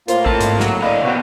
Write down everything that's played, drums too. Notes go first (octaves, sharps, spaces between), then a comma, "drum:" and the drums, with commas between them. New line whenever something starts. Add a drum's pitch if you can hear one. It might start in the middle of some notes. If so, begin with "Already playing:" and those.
A2 A#3 F4 A#4 C5 F5, drum: hi-hat
C4 F4 A5, drum: kick A#1
G#2, drum: hi-hat
F#3 F#4, drum: snare
D3 D5 D#5 F5 B5
B2 C4 F#4